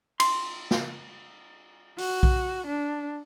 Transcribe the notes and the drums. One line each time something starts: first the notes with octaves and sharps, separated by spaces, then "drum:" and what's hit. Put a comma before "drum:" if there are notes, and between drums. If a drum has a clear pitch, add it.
C6, drum: cymbal
drum: snare
F#4, drum: open hi-hat
drum: kick B1
D4